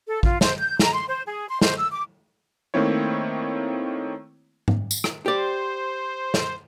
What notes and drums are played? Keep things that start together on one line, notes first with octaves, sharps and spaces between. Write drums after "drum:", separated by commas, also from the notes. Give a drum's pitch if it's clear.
A4
F4, drum: kick A1
C5, drum: snare
G6
A#5, drum: snare
C6
C5
G#4
C6
C5, drum: snare
E6
D6
D#3 A3 A#3 C4 E4 C#5
drum: tom G#2
drum: tambourine
drum: rim click
G4 C5 D5
drum: snare